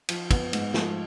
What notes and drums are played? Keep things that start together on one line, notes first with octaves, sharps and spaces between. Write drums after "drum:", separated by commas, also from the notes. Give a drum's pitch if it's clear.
F3, drum: cymbal
B3, drum: kick, cymbal
G#2, drum: cymbal
F3, drum: snare